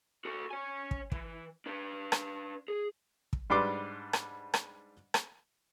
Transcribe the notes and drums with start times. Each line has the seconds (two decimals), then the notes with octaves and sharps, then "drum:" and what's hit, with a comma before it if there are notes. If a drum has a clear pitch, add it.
0.25 F#4 A4
0.51 C#5 G#5
0.91 drum: kick
1.12 E3, drum: kick
1.66 D4 B4
2.12 drum: rim click
2.68 G#4
3.33 drum: kick
3.50 G#2 G3 D4 B4 C6 D6
4.13 drum: rim click
4.54 drum: rim click
5.14 drum: rim click